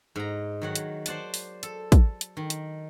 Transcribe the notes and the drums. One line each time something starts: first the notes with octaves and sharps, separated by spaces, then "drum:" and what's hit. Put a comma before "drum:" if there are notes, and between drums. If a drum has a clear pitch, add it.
G#2 A#5
D#3 F#3 F#5
drum: hi-hat
C5 D5 F#5 A5, drum: hi-hat
drum: open hi-hat
A4, drum: hi-hat
drum: kick, hi-hat
drum: hi-hat
D#3
drum: hi-hat